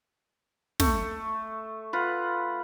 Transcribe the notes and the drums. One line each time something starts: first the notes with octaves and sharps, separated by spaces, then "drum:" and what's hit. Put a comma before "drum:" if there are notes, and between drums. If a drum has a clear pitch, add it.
A3, drum: snare
F4 B4 F#5